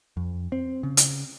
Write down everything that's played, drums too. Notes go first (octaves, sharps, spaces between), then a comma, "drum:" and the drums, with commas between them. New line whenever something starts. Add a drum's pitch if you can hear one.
F2
C4
C#3
drum: hi-hat